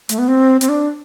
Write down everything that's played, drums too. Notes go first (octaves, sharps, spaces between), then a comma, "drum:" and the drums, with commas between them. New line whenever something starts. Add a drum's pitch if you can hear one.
A3, drum: hi-hat
B3
C4
C4, drum: hi-hat
D4